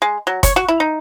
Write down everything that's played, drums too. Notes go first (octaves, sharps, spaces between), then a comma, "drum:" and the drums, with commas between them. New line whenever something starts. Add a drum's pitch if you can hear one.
G#3
F#3
C#5, drum: kick, hi-hat
F#4
E4
D#4